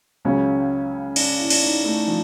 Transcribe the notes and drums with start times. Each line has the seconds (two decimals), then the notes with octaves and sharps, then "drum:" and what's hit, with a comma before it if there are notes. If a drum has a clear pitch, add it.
0.25 C#2 C#3 F#3 C#4
1.16 D4, drum: cymbal
1.39 E4
1.50 D4, drum: cymbal
1.62 D#4
1.84 A3
2.07 F3